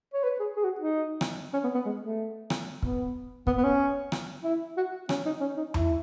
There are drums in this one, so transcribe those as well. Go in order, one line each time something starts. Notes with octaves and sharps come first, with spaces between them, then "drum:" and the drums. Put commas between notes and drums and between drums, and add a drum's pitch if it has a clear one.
C#5
B4
G#4
G#4
F#4
D#4
drum: rim click
C#4
B3
B3
G#3
A3
drum: rim click
B3, drum: kick
B3, drum: kick
B3
C#4
drum: rim click
E4
F#4
C#4, drum: rim click
D#4
C#4
D#4
E4, drum: tom E2